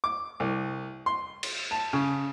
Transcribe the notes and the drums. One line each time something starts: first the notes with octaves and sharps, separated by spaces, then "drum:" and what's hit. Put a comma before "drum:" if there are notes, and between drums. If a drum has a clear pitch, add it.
D6
C2
C6
drum: cymbal
A5
C#3